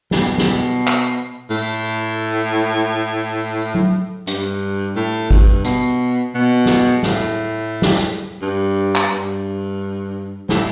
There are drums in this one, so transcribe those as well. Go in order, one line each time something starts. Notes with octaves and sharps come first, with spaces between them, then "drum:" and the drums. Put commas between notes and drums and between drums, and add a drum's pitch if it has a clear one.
B2, drum: snare
drum: snare
drum: clap
A2
drum: tom F#3
G2, drum: hi-hat
A2
G2, drum: kick G#1
B2, drum: hi-hat
B2
drum: snare
A2, drum: snare
drum: snare
drum: hi-hat
G2
drum: clap
G2
A2, drum: snare